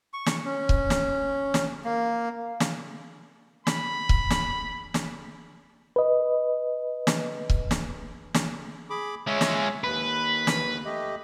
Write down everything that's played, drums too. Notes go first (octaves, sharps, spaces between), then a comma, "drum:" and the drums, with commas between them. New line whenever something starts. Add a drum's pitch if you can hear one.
C#6
drum: snare
C#4
drum: kick C#1
drum: snare
drum: snare
A#3
drum: snare
B5, drum: snare
drum: kick C#1
drum: snare
drum: snare
B4 D#5
drum: snare
drum: kick C#1
drum: snare
drum: snare
G#4 B5 D6
G#3 C#4 C#5 E5
drum: snare
D#2 B4
drum: snare
A3 G4 D#5